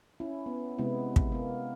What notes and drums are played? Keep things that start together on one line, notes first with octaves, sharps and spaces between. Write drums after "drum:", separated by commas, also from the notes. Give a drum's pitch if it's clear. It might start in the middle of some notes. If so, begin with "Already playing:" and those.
C#4 E4
B3
C3 G#3 B3 E4
drum: kick
A#3 B3